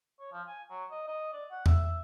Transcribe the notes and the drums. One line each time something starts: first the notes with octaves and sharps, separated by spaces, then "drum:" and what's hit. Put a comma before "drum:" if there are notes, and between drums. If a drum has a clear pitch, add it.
C#5
F3
G#5
F#3
D#5
D#5
D5
F#5
E5, drum: tom E2
E5